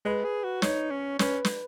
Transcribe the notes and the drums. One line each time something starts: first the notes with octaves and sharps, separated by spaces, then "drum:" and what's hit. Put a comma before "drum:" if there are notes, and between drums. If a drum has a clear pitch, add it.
G#3 B4
G#4
F#4
D#4 C#5, drum: snare
C#4
C#4 B4, drum: snare
drum: snare